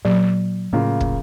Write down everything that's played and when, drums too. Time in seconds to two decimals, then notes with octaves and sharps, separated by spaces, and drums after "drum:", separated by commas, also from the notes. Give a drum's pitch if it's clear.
0.05 A#2 F#3
0.73 A2 C#3 A#3 F4
1.01 drum: kick